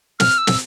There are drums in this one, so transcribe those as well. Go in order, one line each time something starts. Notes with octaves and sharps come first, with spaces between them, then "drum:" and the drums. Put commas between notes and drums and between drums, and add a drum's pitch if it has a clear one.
F6, drum: snare
E6
drum: snare